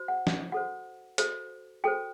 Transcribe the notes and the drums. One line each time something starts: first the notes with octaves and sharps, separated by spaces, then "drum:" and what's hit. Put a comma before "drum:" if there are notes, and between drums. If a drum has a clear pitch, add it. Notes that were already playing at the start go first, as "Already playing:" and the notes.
Already playing: F#4 C5
F#5
drum: snare
F#4 A4 C5 F#5
F#4 A4 C5, drum: hi-hat
F#4 A4 C5 G5